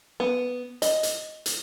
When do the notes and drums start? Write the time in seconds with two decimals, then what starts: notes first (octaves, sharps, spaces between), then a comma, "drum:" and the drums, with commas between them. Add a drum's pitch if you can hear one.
0.20 B3
0.82 D#5, drum: hi-hat
1.03 drum: hi-hat
1.46 drum: hi-hat